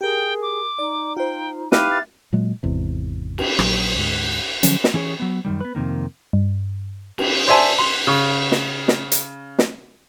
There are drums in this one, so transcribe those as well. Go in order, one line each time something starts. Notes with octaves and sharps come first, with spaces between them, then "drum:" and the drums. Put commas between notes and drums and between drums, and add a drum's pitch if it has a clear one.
G4 G#4 A#4 G5
D6
D#4 D5
F4 C5 G5
D#4 E4 G4 B4 E5 F5 D#7, drum: snare
A6
A#2 F#3 G#3 A#3
G#1 E2 C3
drum: cymbal
A#1 F#3, drum: rim click
D2 G#2
D3 F3 F#3 C#4, drum: hi-hat
drum: snare
E3 C#4 G#4 C#5
F#3 B3
F#2 C3 D#3 G3
B3 B4
F2 C3 D#3 A#3
G2
drum: cymbal
C5 D5 E5 G#5 A5
C6
C#3 C#6
drum: snare
drum: snare
drum: hi-hat
drum: snare